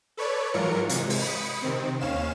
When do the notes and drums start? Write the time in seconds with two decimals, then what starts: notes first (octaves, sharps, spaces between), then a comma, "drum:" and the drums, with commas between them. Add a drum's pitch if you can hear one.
0.17 A4 B4 C#5 D5
0.54 G#2 E3 F#3 F4 A#4 C#7
0.89 C3 G#3, drum: hi-hat
1.10 drum: open hi-hat
1.22 B5 D#6 C#7
1.62 C3 D#3 C4
2.01 D#2 C#4 F5 E7